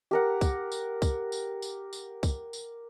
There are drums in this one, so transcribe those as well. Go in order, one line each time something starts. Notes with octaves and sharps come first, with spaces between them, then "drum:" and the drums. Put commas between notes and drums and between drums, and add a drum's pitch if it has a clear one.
G4 A#4 F#5
drum: kick C2, tambourine
drum: tambourine
drum: kick C2, tambourine
drum: tambourine
drum: tambourine
drum: tambourine
drum: kick C2, tambourine
drum: tambourine